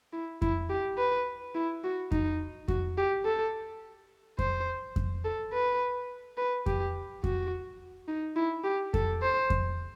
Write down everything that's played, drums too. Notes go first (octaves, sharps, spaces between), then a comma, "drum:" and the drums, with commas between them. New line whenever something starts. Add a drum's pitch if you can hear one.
E4
E4, drum: kick F2
G4
B4
E4
F#4
D#4, drum: kick F2
F#4, drum: kick F2
G4
A4
C5, drum: kick F2
drum: kick F2
A4
B4
B4
G4, drum: kick F2
F#4, drum: kick F2
D#4
E4
G4
A4, drum: kick F2
C5
drum: kick F2